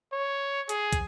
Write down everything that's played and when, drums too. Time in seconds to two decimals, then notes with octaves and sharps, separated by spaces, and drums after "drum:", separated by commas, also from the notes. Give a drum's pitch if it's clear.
0.12 C#5
0.69 G#4, drum: hi-hat
0.93 drum: kick, hi-hat